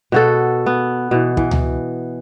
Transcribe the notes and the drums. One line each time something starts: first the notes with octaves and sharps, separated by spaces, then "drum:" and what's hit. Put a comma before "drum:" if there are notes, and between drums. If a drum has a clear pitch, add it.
B2 F#4 A4
B3
B2 E3
E3, drum: kick
drum: tom C#2